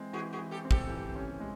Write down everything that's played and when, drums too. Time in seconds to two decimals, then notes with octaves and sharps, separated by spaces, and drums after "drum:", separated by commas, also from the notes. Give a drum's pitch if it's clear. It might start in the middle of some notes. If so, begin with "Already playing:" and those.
Already playing: E3 G#3 C4
0.13 E3 F#4 G#4
0.33 F#4 G#4
0.38 E3
0.51 G4 A4
0.65 C4
0.71 G4 A4, drum: kick
0.89 E3
1.16 C#4
1.40 G#3